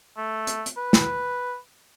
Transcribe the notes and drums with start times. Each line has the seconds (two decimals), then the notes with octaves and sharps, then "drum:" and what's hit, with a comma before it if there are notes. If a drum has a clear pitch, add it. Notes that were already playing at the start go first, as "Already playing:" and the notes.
0.17 A3
0.47 drum: hi-hat
0.66 drum: hi-hat
0.77 B4
0.93 drum: snare